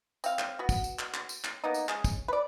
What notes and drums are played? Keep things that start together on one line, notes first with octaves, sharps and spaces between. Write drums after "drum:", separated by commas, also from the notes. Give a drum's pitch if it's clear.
C4 F5, drum: tambourine
drum: clap
B3 F#4
drum: kick, tambourine
drum: tambourine
drum: clap
drum: clap
drum: tambourine
drum: clap
A#3 B3 D#4
drum: tambourine
G#3 C#4, drum: clap
drum: kick, tambourine
B4 D5